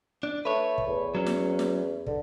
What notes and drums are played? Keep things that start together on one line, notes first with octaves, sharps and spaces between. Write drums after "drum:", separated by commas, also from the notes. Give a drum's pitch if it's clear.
D4
A3 B4 C#5
drum: kick
E2
F#3 C#4
drum: snare
drum: snare
D3, drum: kick